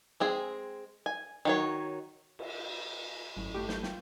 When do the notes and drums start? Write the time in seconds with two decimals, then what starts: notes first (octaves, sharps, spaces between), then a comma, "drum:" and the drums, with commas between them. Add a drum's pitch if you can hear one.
0.20 G#3 C4 G#4
1.06 G#5
1.45 D#3 F#3 C#5
2.39 drum: cymbal
3.37 G#1 F#2 A2
3.54 A2 A3 G4
3.69 G6, drum: snare
3.83 F4 G5, drum: snare